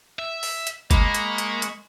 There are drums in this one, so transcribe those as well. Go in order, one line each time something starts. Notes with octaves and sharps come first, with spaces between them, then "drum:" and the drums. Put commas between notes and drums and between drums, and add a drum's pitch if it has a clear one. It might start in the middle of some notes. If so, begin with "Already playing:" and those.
E5
drum: open hi-hat
drum: hi-hat
G#3 A#3 B5 C#6, drum: kick, hi-hat
drum: hi-hat
drum: hi-hat
drum: hi-hat